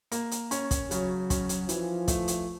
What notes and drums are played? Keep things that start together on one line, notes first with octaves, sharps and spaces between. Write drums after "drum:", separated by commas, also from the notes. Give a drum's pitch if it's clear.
A#3, drum: hi-hat
drum: hi-hat
C#4, drum: hi-hat
drum: kick, hi-hat
C#3 F#3, drum: hi-hat
C#4, drum: kick, hi-hat
drum: hi-hat
E3 F3, drum: hi-hat
A3, drum: kick, hi-hat
drum: hi-hat